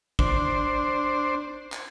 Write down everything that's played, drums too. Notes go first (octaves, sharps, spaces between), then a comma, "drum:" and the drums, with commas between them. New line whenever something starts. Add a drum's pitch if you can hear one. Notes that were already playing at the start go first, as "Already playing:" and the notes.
D4 C5, drum: kick
drum: clap